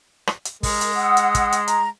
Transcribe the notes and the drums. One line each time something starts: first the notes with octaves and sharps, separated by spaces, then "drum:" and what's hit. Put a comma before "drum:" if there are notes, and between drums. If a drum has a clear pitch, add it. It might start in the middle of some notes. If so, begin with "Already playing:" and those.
drum: rim click
drum: hi-hat
G#3 A#4, drum: kick, open hi-hat
drum: hi-hat
F#5 D#6 E6
drum: hi-hat
drum: kick, hi-hat
drum: hi-hat
A#5, drum: hi-hat